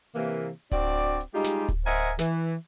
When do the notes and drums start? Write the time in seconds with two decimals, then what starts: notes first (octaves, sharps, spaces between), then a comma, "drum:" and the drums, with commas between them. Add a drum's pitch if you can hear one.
0.15 C3 E3 A#3
0.72 C4 D4 F#4 D5, drum: kick D1, hi-hat
1.20 drum: hi-hat
1.34 G3 G#3 D#4 F4 G4
1.44 drum: snare
1.69 drum: kick D1, hi-hat
1.86 A#4 C5 D#5 E5 F#5 G#5
2.19 E3, drum: snare